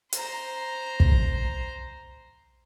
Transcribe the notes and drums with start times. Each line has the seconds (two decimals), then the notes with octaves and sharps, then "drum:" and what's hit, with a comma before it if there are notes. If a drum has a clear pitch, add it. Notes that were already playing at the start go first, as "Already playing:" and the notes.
0.13 C5 A#5, drum: hi-hat
1.00 drum: kick